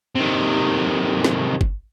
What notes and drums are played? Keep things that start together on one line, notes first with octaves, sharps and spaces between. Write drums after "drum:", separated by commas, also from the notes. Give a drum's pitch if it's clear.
C3 D#3
drum: snare
drum: kick